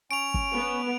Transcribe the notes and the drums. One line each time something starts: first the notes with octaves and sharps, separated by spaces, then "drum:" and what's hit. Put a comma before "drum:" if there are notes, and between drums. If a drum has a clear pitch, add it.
C#4 C#5 D7 F7
drum: kick
B3